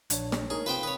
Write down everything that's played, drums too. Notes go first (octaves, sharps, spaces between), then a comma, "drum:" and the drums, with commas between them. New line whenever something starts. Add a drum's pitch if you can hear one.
A#1 D4 C#5, drum: hi-hat
drum: snare
D#4 G#4 A#4 C#5
C4 F4 B4 C5 G5
B4 C#5 D#6